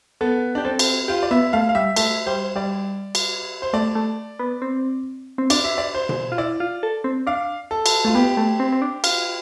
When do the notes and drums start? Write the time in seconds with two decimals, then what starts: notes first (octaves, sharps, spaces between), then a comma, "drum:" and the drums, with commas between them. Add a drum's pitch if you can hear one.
0.21 B3 A4
0.55 D4 G4
0.65 C4 A4
0.79 drum: cymbal
1.08 F4 G4
1.23 D5
1.31 B3 E5
1.53 A3 F5
1.69 F5
1.75 G3 E5
1.96 A3 E5, drum: cymbal
2.26 G3 C5
2.56 G3 D5
3.15 drum: cymbal
3.62 C5
3.73 A3 D5
3.95 A3
4.39 B3
4.62 C4
5.38 C4
5.50 D4 D5, drum: cymbal
5.64 E5
5.78 D5
5.94 C5
6.09 drum: tom B2
6.32 F4
6.38 E4 D5
6.60 F4
6.83 A4
7.04 C4
7.27 D4 F5
7.71 A4
7.86 drum: cymbal
8.05 A3 F4
8.15 B3 G4
8.37 A3
8.60 C4
8.72 C4
8.82 D4
9.04 F4, drum: cymbal